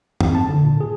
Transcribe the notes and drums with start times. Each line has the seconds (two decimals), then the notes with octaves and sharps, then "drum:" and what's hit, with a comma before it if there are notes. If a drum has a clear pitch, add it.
0.21 C4, drum: tom
0.35 A5
0.49 D3
0.64 A#2
0.81 G#4